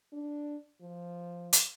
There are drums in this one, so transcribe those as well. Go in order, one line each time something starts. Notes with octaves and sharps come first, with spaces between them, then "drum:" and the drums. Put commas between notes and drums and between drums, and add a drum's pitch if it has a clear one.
D4
F3
drum: hi-hat